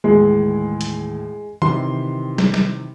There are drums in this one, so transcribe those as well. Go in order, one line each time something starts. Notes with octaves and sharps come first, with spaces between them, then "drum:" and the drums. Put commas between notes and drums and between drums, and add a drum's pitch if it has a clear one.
D#2 A2 E3 G#3
drum: hi-hat
C3 D#3 E3 C6, drum: tom D#3
drum: snare
drum: snare